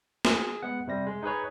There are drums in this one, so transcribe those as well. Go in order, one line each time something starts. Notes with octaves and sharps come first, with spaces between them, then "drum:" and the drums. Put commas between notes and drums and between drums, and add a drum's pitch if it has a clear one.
G#4, drum: snare
G#3 B3 F#5
C3 G3 A#6
G#3
D#4 G#4 B4 C#5